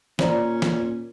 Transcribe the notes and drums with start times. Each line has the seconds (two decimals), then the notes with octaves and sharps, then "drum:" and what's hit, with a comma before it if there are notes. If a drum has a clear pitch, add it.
0.19 A#2 C#4 C5 D5 A#5, drum: snare
0.62 drum: snare